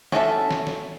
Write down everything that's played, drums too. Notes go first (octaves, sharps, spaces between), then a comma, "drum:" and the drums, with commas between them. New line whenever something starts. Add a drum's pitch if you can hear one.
C#4 D4 F#4 A4 E5, drum: snare
drum: snare
drum: snare